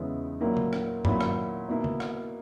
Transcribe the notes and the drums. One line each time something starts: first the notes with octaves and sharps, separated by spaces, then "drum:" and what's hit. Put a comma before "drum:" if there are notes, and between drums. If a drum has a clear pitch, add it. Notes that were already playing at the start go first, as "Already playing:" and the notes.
Already playing: E2 C#3 G#3 B3 E4
A#2 F#3 A#3 E4
drum: tom
drum: rim click
A#2 F#3 A#3 E4 B5, drum: tom G2
drum: rim click
B2 A#3 E4
drum: tom
drum: rim click